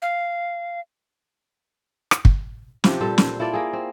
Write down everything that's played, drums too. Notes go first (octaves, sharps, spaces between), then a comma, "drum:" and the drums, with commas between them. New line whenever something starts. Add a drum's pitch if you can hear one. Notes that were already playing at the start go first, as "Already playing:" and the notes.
F5
drum: rim click
drum: kick
C3 F3 G4, drum: snare
A#2 G3 A4 C5
C5, drum: snare
E4 F4 A4 D5
A#3 G#4
C4